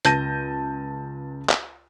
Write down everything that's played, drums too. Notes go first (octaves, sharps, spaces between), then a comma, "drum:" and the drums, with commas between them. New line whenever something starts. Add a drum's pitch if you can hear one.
C#2 A5 G6 A#6 D#7, drum: hi-hat
drum: clap